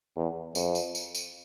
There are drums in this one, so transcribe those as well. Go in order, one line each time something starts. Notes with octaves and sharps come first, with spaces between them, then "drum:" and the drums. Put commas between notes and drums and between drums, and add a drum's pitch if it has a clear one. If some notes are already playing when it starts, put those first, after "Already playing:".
E2
F2, drum: tambourine
drum: tambourine
drum: tambourine
drum: tambourine